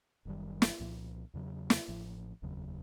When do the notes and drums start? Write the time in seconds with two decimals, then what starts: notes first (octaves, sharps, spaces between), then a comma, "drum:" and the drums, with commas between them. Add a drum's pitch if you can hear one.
0.25 F#1 F#2 D#3 G3
0.62 drum: snare
0.80 C2 A#2 F3
1.34 E2 C#3 F#3
1.70 drum: snare
1.88 A1 A2 F3
2.42 F1 D#2 C#3 F#3